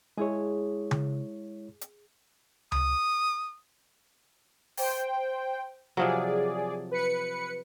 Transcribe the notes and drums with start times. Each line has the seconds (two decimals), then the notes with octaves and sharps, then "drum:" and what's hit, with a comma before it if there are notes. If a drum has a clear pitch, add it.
0.18 G#3 E4 G#4 C#5
0.91 drum: tom C#3
1.81 drum: hi-hat
2.72 D#6, drum: tom C#2
4.77 C5 G5, drum: open hi-hat
5.97 C3 F3 F#3 G#4 D5
6.91 B4 C#7